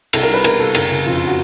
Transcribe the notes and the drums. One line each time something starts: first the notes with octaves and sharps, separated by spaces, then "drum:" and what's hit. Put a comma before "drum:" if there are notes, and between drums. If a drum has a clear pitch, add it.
C2 A4, drum: cymbal
A#4
G3 B4
B2 A#4, drum: cymbal
C2 A4
F#1 A#4, drum: cymbal
C#3
F2 F4
F4
F#4